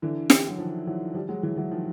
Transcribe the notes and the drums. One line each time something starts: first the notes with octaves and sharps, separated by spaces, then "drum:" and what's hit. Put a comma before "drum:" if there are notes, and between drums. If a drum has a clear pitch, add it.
D3 E3
drum: snare
F#3
D#3 F3
E3 F#3
F3 G3
F#3 G#3
E3 F#3
E3 F#3
D#3 F3